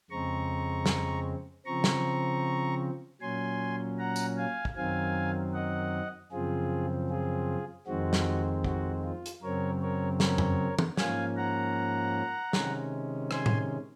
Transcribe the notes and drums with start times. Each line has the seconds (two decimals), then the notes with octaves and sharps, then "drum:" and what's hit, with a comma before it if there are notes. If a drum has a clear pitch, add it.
0.10 F2 C#3 G#3 C4 A#5 C#6
0.86 drum: snare
1.65 C#3 F3 C4 A#5 C#6
1.84 drum: snare
3.21 A#2 F#3 C#4 G#5 C6
3.98 F#5 A#5
4.16 drum: tambourine
4.37 F5 G#5
4.65 drum: kick
4.76 F#2 D#3 F#3 C4 F5 G#5
5.54 D#5 F#5
6.31 F#2 C#3 F3 C4 F4 G#4
7.09 F4 G#4
7.87 F2 D#3 G#3 C4 F#4
8.13 drum: snare
8.64 F#4, drum: kick
9.04 F4
9.26 drum: hi-hat
9.42 F#2 C#3 F#3 C4 A#4 C#5
9.81 A#4 C#5
10.20 A#4 C#5, drum: snare
10.38 drum: tom F2
10.79 drum: tom
10.97 G#2 F3 A#3 C#4 F5 G#5, drum: snare
11.37 F#5 A#5
12.53 C3 D#3 G#3 C#4, drum: snare
13.31 G#5 C6, drum: rim click
13.46 drum: tom A2